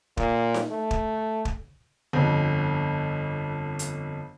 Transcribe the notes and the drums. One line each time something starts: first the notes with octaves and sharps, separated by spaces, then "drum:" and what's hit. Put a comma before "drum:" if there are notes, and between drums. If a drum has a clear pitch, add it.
A#2, drum: kick
drum: snare D#4
A3
drum: kick
drum: kick
G1 F2
drum: hi-hat